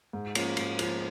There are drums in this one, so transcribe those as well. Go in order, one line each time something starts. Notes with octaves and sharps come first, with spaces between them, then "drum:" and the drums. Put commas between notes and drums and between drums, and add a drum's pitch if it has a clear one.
G#2
F3 A#3 C#4 F4, drum: cymbal
G#2, drum: cymbal
F3 A#3 C#4 F4, drum: cymbal